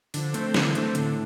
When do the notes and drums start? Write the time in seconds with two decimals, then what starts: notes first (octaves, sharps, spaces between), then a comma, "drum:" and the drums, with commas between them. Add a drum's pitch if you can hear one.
0.14 D3 F3, drum: open hi-hat
0.34 A3 C4, drum: hi-hat
0.54 D3 E3, drum: snare
0.75 A3 C4, drum: hi-hat
0.95 A2 D3, drum: hi-hat